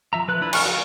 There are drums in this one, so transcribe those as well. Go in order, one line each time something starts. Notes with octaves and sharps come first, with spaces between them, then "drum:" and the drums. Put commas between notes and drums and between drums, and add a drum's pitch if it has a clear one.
F3 E5 A#5
F3 B4 F#6
D4 E4 B4
G#5 C#6 F6, drum: cymbal
F#4 A#4 F5